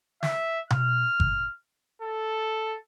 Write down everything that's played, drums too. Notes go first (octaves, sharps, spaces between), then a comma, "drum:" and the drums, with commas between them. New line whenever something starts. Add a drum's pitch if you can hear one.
E5, drum: snare
F6, drum: tom B2
drum: kick G1
A4